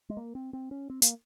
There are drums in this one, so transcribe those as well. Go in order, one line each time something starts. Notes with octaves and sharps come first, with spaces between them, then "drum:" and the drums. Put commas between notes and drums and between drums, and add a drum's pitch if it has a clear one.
G#3
A#3
C4
C4
C#4
C4
A#3, drum: hi-hat